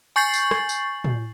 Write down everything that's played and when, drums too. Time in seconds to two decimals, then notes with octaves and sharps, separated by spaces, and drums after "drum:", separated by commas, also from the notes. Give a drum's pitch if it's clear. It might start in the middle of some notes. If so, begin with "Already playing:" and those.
0.16 G#5 C#6 G6 A6 C7 F#7
0.34 drum: tambourine
0.51 drum: rim click
0.69 drum: tambourine
1.04 drum: tom